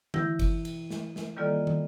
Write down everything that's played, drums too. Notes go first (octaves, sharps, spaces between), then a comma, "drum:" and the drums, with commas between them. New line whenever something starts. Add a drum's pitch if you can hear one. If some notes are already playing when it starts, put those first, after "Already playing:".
E3 E4 G6 A#6, drum: tom D3
drum: kick G1, cymbal
drum: cymbal
drum: snare
drum: snare
D#3 G3 A#3 F4 A4 D5
drum: tom